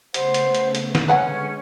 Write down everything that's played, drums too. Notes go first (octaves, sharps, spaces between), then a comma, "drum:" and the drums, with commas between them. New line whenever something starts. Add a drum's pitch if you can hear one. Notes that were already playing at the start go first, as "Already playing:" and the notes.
C#3 G3 A3 B3 C5 F#5, drum: hi-hat
drum: hi-hat
drum: hi-hat
drum: hi-hat
drum: snare
D3 G#3 C#4 B4 F#5 G#5